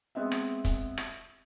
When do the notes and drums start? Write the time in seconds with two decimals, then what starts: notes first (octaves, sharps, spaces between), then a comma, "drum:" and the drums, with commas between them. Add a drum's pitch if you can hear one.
0.15 G#3 B3 C4 D#5 E5
0.32 drum: rim click
0.65 drum: kick, hi-hat
0.98 drum: rim click